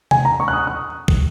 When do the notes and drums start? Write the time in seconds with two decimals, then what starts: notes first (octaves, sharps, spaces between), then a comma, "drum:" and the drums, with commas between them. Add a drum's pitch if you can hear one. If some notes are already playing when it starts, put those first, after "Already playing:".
0.11 G#5, drum: tom C3
0.25 A#5
0.40 C#6
0.48 F#6
0.53 D#6
0.67 F#6
1.08 drum: kick